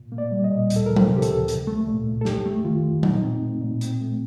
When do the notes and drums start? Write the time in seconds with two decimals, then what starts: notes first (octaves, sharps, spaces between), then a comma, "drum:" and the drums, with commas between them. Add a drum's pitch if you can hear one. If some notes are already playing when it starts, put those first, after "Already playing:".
Already playing: A#2
0.12 A#3
0.18 D5
0.31 G3
0.44 D#5
0.51 A#2
0.70 D2, drum: hi-hat
0.76 A4
0.86 F3 A#4
0.96 C5, drum: tom F#3
1.09 C3
1.16 G4
1.22 A4, drum: hi-hat
1.29 D2
1.48 C2, drum: hi-hat
1.67 A3
1.87 A#2
2.07 C2
2.21 A4
2.25 F2 G4, drum: snare
2.46 A3
2.64 D#3 F4
2.84 F2
3.03 A#2 D#4, drum: tom F#3
3.23 C4
3.43 A3
3.61 A#2
3.81 C4, drum: hi-hat
4.01 A3